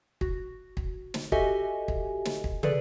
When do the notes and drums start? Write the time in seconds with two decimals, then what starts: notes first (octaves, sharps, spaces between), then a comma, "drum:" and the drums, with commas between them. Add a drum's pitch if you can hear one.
0.21 F#4, drum: kick
0.77 drum: kick
1.14 drum: snare
1.32 F#4 G4 A4 D#5 E5 G#5, drum: kick
1.88 drum: kick
2.25 drum: snare
2.44 drum: kick
2.63 G#4 A4 B4 D5, drum: tom